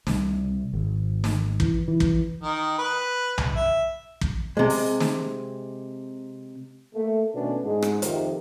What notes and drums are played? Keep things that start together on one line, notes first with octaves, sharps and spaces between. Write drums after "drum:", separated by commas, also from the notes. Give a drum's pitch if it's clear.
C2, drum: snare
G#1
drum: snare
E3, drum: kick
E3
drum: kick
D#3
B4
drum: tom B1
E5
drum: kick
C3 G#3
drum: open hi-hat
drum: snare
A3 A#3
B2 D#3 A3 B3 C#4 D4
G#2 G#3
drum: rim click
F2 C3 D#3, drum: hi-hat